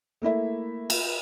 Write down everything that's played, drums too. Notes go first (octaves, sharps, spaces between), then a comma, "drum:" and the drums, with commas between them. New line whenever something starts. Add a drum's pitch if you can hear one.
A3 A#3 E4 E5
drum: cymbal